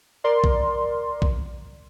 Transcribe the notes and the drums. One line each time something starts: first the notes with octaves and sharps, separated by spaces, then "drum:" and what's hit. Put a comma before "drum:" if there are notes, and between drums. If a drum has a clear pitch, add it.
A#4 D5 C6
drum: kick B1
drum: kick B1